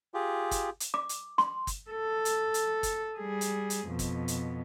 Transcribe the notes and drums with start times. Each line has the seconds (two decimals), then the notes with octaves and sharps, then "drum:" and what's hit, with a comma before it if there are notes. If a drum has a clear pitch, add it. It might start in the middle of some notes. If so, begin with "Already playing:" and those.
0.14 F4 G4 G#4
0.51 drum: kick, hi-hat
0.80 drum: hi-hat
0.94 D6
1.09 drum: hi-hat
1.38 C6, drum: snare
1.67 drum: kick, hi-hat
1.90 A4
2.25 drum: hi-hat
2.54 drum: hi-hat
2.83 drum: kick, hi-hat
3.18 G3 G#4
3.41 drum: hi-hat
3.70 drum: hi-hat
3.88 F2 B2
3.99 drum: kick, hi-hat
4.28 drum: hi-hat